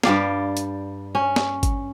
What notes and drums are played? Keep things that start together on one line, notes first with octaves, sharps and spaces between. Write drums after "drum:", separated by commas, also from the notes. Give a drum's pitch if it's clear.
G2 G3 D5 F5, drum: snare
drum: hi-hat
C#4
drum: snare
drum: kick G#1, hi-hat